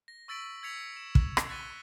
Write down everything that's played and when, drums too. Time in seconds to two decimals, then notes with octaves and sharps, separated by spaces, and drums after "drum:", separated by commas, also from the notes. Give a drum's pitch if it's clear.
0.08 A#6
0.28 C#6 E6 A6 B6 D7 F#7
0.63 E6 G#6 A6 B6 C#7 F7
0.97 E7
1.15 drum: kick
1.37 drum: rim click
1.49 F#6 A6 B6 D#7 G7